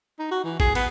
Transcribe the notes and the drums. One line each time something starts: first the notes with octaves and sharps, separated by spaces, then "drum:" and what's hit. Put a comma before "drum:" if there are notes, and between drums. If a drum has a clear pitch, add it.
D#4
F#4
E3
G#4, drum: kick A1
B3, drum: cymbal